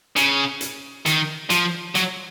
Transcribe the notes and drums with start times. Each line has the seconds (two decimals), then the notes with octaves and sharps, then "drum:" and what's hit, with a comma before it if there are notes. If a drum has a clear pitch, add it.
0.16 C#3, drum: hi-hat
0.61 drum: hi-hat
1.06 D#3, drum: hi-hat
1.50 F3, drum: hi-hat
1.95 F#3, drum: hi-hat